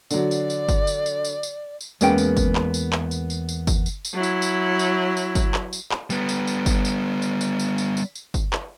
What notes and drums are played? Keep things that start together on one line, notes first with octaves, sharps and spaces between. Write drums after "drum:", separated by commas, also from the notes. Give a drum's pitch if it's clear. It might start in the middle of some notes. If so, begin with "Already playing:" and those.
D3 F#3 D5, drum: tambourine
drum: tambourine
drum: tambourine
drum: kick G1, tambourine
drum: tambourine
drum: tambourine
drum: tambourine
drum: tambourine
drum: tambourine
E2 G#3 A#3 B3 C#4 G5, drum: tambourine
drum: tambourine
drum: kick G1, tambourine
drum: clap
drum: tambourine
drum: clap
drum: tambourine
drum: tambourine
drum: tambourine
drum: kick G1, tambourine
drum: tambourine
drum: tambourine
F#3 E4
drum: tambourine
drum: tambourine
drum: tambourine
drum: tambourine
drum: kick G1, tambourine
drum: clap
drum: tambourine
drum: clap
G3 B3, drum: tambourine
drum: tambourine
drum: tambourine
drum: kick G1, tambourine
drum: tambourine
drum: tambourine
drum: tambourine
drum: tambourine
drum: tambourine
drum: tambourine
drum: tambourine
drum: kick G1, tambourine
drum: clap